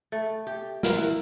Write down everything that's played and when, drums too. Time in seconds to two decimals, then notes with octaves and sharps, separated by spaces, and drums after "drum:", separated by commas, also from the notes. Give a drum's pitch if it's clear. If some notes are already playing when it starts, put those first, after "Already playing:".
0.12 A3
0.47 G4
0.83 A#4, drum: snare
0.96 E3